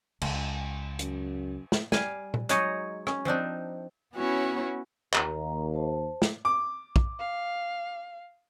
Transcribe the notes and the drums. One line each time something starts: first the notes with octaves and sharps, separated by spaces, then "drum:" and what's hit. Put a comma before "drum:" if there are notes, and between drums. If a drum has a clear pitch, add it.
C#2, drum: cymbal
F#2, drum: hi-hat
drum: snare
G3 F5 G#5, drum: snare
drum: tom A#2
F#3 G#3 D#4 C#5 D#5, drum: hi-hat
C#4, drum: rim click
F3 C4 D4 D#4
B3 C#4 E4 F#4 C#5
D#2 A#5, drum: clap
C5 A5
drum: snare
D6
drum: kick
F5